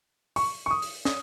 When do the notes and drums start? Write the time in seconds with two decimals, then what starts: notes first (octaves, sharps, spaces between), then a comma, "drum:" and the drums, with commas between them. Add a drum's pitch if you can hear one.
0.36 C#6, drum: open hi-hat
0.66 C#6
0.71 D#6
0.82 drum: open hi-hat
1.05 D#6, drum: snare